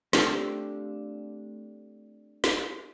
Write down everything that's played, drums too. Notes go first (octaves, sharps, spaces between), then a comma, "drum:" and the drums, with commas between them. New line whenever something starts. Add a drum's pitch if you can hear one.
A3 C4 D4 F4 G4 A4, drum: snare
drum: snare